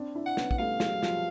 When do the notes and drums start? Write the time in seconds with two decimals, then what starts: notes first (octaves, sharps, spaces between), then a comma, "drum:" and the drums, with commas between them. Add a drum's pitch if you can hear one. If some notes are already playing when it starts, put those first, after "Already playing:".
Already playing: C4 D4
0.15 D4 E4
0.26 F#5
0.37 B3 C#4, drum: snare
0.51 F#5, drum: kick
0.58 G3 A3 F5
0.80 F#3 G#3, drum: snare
1.03 F3 G3, drum: snare